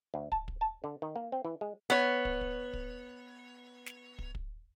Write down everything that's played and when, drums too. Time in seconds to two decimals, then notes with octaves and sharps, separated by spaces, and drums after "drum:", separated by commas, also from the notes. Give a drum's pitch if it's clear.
0.14 D2
0.32 A5, drum: kick
0.48 drum: kick
0.61 A5
0.84 D3
1.02 D#3
1.16 A#3
1.32 C4
1.45 E3
1.61 G#3
1.90 B3 C#5
2.25 drum: kick
2.41 drum: kick
2.73 drum: kick
3.86 drum: snare
4.19 drum: kick
4.35 drum: kick